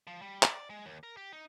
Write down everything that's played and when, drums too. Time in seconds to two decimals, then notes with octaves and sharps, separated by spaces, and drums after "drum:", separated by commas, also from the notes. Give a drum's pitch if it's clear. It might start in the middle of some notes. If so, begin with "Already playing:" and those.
0.07 F3
0.22 G3
0.43 D5, drum: clap
0.70 G#3
0.86 D#2
1.03 A#4
1.17 G4
1.33 D#4